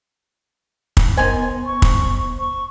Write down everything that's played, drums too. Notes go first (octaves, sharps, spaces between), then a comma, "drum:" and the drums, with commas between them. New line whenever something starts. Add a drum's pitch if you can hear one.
drum: kick
D#3 B3 C5 G#5
C#6
drum: kick
C#6